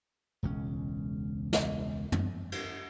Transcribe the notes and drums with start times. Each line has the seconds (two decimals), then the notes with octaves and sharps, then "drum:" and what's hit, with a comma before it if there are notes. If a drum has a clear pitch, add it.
0.43 E1 C#2 C3 C#4
1.53 drum: snare
2.12 drum: tom
2.52 drum: cymbal